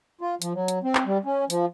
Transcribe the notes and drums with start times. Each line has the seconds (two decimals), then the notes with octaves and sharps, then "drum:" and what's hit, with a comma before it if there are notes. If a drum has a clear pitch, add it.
0.21 F4
0.42 F3, drum: hi-hat
0.55 F#3
0.68 drum: hi-hat
0.84 C4
0.95 drum: clap
1.06 G3
1.25 C#4
1.50 F3, drum: hi-hat